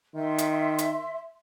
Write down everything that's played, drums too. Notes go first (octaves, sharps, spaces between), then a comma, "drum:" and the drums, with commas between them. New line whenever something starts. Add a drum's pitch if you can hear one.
D#3 E5 C6
drum: hi-hat
drum: hi-hat